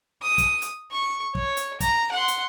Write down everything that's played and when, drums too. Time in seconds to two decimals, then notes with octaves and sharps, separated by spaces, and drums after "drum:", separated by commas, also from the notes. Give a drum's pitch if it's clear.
0.22 D#6
0.38 drum: kick, hi-hat
0.62 drum: hi-hat
0.91 C#6
1.35 C#5, drum: kick
1.57 drum: hi-hat
1.80 A#5, drum: kick, hi-hat
2.12 F#5 C6
2.28 drum: hi-hat